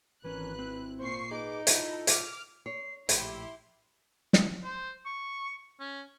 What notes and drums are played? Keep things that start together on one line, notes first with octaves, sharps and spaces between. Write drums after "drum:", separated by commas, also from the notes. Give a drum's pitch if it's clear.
G#1 E3 C#4 A#4 B4 F#6
C4 E4
A#2 C5 C#6 C7
D#4 G#4 B4 D6
E4 F4 A4, drum: hi-hat
D6 F6, drum: hi-hat
C#5 C7
A#1 A2 E4 G4 C6, drum: hi-hat
drum: snare
C5
C#6
C#4